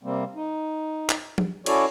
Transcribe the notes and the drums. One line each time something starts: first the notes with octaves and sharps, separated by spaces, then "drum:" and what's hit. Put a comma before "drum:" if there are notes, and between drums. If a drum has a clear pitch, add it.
C3 G3 A#3 C4
D#4
drum: clap
drum: tom F3
C#4 E4 F#4 A4 C#5 D5, drum: cymbal